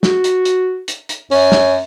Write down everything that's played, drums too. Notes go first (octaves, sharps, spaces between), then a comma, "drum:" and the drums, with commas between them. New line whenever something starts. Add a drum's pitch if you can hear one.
F#4, drum: snare
drum: hi-hat
drum: hi-hat
drum: hi-hat
drum: hi-hat
F#2 C#4, drum: open hi-hat
drum: snare